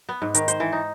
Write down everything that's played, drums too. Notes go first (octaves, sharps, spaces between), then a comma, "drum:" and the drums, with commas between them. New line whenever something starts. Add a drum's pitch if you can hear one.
B3
G#2
D#3, drum: hi-hat
C5, drum: hi-hat
E3
D#4